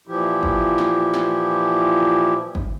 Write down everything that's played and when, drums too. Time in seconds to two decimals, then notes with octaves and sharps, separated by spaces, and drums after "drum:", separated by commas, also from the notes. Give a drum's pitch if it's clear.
0.07 A#2 E3 F3 E4 G4
0.43 drum: kick G1
0.78 drum: snare
1.14 drum: snare
2.55 drum: kick G1